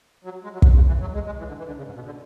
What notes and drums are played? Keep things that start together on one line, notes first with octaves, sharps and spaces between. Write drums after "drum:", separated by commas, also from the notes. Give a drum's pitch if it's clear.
F#3
G#3
F#3
D3, drum: kick
C#3
E3
F#3
G#3
G#3
E3
D3
E3
D3
C#3
G#2
B2
D3